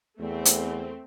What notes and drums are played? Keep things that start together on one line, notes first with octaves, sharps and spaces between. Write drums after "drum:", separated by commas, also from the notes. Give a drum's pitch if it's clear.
E2 A3 C4
drum: hi-hat